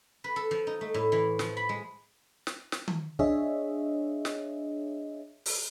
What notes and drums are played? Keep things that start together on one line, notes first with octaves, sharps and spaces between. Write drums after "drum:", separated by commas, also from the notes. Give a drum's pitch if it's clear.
B4
A4
F3
D#4
A3
A2
E3
F3, drum: snare
B5
G#3
drum: snare
drum: snare
drum: tom D#3
D4 G#4 C#5 D#5 E5, drum: kick
drum: snare
drum: open hi-hat